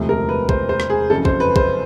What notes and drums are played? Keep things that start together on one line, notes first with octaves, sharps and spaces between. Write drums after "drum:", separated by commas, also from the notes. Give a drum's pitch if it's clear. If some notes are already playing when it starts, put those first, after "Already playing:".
Already playing: E1 D2 C3 F3 A3
A#4
B4
C5, drum: kick
C5
drum: rim click
G#4
F#1 F2 C#3 F#3 A4
C5, drum: kick
B4
C5, drum: kick